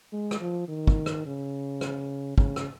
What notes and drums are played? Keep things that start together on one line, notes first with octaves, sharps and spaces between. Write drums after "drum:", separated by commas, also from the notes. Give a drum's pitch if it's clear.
G#3
drum: rim click
F3
D#3
drum: kick
drum: rim click
C#3
drum: rim click
C#3, drum: kick
drum: rim click